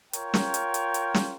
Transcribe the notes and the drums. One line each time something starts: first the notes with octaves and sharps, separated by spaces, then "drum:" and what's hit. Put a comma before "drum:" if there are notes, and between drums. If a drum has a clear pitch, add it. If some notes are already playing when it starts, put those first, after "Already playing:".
F4 A#4 C#5 G5, drum: hi-hat
drum: snare
drum: hi-hat
drum: hi-hat
drum: hi-hat
drum: snare